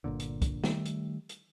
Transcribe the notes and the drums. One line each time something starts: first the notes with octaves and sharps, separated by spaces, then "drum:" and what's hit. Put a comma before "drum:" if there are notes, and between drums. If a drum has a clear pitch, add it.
G1 C2 A#2 D3
drum: hi-hat
drum: kick, hi-hat
D#3 G3 A3, drum: snare
drum: hi-hat
drum: hi-hat